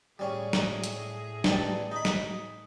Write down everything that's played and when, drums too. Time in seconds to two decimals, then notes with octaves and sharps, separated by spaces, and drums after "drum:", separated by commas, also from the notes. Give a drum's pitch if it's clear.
0.19 A2 G3 C#4 G#4
0.53 drum: snare
0.84 drum: hi-hat
1.44 A1 G3 A4, drum: snare
1.92 D#4 B5
2.05 drum: snare